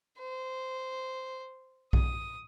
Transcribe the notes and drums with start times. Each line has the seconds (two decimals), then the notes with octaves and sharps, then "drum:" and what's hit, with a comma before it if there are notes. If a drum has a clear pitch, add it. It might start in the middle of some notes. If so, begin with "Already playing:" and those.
0.19 C5
1.93 D#6, drum: kick B1